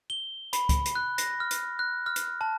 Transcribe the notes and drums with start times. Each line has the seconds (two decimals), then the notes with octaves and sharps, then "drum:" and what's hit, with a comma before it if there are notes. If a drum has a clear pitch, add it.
0.10 G7
0.53 B5, drum: hi-hat
0.69 drum: kick, hi-hat
0.85 drum: hi-hat
0.95 F#6
1.18 A#6, drum: hi-hat
1.40 F6
1.51 drum: hi-hat
1.79 F#6
2.06 F6
2.16 drum: hi-hat
2.41 A5